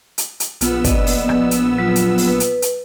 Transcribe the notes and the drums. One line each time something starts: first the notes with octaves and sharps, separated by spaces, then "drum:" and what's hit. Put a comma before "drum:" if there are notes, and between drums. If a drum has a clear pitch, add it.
drum: hi-hat
drum: hi-hat
A#1 B3 F4 E6, drum: hi-hat
D5 D#5, drum: kick, hi-hat
drum: open hi-hat
drum: rim click
drum: hi-hat
F#3 F4
drum: hi-hat
drum: open hi-hat
B4
drum: hi-hat
drum: hi-hat